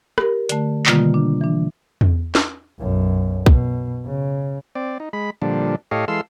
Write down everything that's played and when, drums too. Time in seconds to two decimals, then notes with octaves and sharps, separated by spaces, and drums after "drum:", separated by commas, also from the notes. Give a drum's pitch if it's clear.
0.18 G4 A#4, drum: rim click
0.49 D3 A3, drum: hi-hat
0.86 B2 D3 D#3 G3 A#3 F4, drum: clap
1.14 D4
1.41 E3 D4
2.01 drum: tom E2
2.35 drum: snare
2.79 B1 F#2
3.46 B2, drum: kick
4.05 C#3
4.75 C4 D5
5.00 D#4
5.13 G#3 B5
5.42 A#2 D3 F3 G3 D4
5.91 A2 G4 A4 C#5 D#5 F5
6.08 E3 G#3 A4 F5 C6 E6